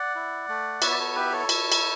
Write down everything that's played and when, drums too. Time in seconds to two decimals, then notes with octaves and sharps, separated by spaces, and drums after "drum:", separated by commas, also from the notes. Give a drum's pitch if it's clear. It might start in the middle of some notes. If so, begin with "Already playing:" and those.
Already playing: D5 F#5
0.15 E4
0.49 A3
0.82 B3 C#5 E5, drum: cymbal
0.91 D5
0.99 A4 C#5
1.15 E4 G4 B4
1.32 A4 C#5
1.49 E4, drum: cymbal
1.72 drum: cymbal